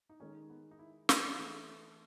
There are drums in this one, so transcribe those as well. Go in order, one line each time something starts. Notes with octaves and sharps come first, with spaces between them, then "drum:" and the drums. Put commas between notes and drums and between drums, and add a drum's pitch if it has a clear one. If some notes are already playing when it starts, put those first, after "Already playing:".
D#4
D#3 G#3 C#4 D#4
B3
D#4
E4
F#4, drum: snare
E3 A3 E4 G#4 A4